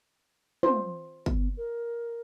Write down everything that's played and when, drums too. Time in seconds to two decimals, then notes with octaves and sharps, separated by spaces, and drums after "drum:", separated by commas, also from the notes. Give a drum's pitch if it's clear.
0.63 C5, drum: tom
1.26 B3, drum: kick
1.57 A#4